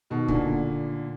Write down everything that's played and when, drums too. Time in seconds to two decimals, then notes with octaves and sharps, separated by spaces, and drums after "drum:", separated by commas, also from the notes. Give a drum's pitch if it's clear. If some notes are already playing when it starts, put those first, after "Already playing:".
0.10 B2 D#3
0.28 A#2 D3, drum: kick